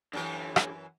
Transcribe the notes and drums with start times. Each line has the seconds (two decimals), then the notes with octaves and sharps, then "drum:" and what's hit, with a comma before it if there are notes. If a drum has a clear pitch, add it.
0.13 F#2 D3 E3 G4
0.56 drum: rim click